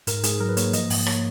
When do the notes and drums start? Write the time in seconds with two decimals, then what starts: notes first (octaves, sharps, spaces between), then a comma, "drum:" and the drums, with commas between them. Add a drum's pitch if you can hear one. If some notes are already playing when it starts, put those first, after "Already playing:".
0.07 G#2 A#4, drum: hi-hat
0.23 G#2 G#4, drum: hi-hat
0.40 F#3 A#4
0.49 B4
0.57 A#3 C#5, drum: hi-hat
0.73 F3 D#5, drum: hi-hat
0.90 G#2, drum: open hi-hat
1.06 A#3 C#5, drum: rim click